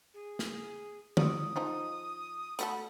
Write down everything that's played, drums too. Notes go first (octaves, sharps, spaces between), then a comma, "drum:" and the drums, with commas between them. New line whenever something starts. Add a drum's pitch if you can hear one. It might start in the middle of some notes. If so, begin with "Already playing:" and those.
G#4
drum: snare
E4 F#4 D5 D#6, drum: tom
F3 D#4 G#4
A3 F#4 A4 B5, drum: hi-hat